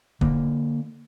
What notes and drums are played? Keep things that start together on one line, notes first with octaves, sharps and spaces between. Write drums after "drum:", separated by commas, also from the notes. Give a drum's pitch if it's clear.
D3 A#3, drum: kick